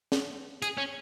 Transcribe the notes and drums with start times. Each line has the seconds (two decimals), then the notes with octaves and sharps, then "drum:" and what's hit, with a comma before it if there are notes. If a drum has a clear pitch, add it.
0.12 drum: snare
0.62 G#4, drum: hi-hat
0.78 C#4